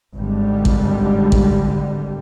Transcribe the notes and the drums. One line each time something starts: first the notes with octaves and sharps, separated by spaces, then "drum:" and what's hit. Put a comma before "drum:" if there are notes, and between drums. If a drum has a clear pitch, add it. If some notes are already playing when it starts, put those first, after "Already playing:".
G#1 D3 G3
drum: kick
drum: kick